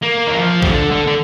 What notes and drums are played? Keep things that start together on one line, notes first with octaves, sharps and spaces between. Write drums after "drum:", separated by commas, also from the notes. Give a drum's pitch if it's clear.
A#3
D#3
F3
C3, drum: kick
D3
D3
D3